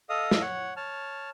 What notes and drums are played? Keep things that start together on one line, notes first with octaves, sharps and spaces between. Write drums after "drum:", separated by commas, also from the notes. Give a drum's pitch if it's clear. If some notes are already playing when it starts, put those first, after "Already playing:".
A4 D#5 F5 D#6
drum: snare
C#5 F#5
C#5 A5 F6